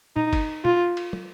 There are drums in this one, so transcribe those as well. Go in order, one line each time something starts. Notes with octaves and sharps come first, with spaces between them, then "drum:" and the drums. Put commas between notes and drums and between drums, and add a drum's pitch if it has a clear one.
D#4, drum: tom A#2
drum: kick G1, cymbal
F4, drum: tom
drum: cymbal
drum: tom